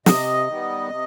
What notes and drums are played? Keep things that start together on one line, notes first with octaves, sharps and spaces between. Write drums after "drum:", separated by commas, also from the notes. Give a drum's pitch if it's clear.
C3 D#5, drum: snare
D#3 G3 B3
C3